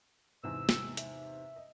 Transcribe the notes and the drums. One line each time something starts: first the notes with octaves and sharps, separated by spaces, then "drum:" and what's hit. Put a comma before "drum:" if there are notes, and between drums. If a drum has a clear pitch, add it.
E2 G#2 C3 E6
drum: snare
E5, drum: hi-hat
D#5